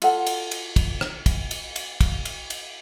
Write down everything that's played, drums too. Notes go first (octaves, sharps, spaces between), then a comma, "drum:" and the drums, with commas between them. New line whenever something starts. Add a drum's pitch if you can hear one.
F4 A4 F#5, drum: cymbal
drum: cymbal
drum: cymbal
drum: kick, cymbal
drum: rim click
drum: kick, cymbal
drum: cymbal
drum: cymbal
drum: kick, cymbal
drum: cymbal
drum: cymbal